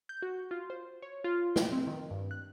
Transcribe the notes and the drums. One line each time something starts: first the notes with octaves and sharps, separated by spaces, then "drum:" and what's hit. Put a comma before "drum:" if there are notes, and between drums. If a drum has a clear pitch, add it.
G6
F#4
F4
C5
C#5
F4
G5, drum: snare
C4
D#3
G2
F#6